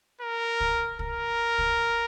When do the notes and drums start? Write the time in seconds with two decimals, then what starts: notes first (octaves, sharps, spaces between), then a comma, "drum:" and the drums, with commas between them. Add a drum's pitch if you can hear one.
0.21 A#4
0.60 drum: kick
0.99 A#4, drum: kick
1.58 drum: kick